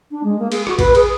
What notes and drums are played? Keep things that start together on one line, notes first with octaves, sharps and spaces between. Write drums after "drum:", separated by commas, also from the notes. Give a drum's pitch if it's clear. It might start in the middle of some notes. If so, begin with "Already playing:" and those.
D4
G#3
A#3
G#4, drum: cymbal
F#4, drum: rim click
B4, drum: kick A1, cymbal
G#4, drum: cymbal